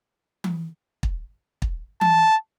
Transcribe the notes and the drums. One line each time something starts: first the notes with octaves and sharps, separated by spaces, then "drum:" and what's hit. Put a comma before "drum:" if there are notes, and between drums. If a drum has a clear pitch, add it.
drum: tom E3
drum: kick
drum: kick
A5, drum: tom E3